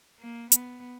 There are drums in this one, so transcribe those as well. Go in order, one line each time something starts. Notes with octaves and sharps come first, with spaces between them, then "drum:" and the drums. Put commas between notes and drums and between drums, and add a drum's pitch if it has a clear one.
A#3
B3, drum: hi-hat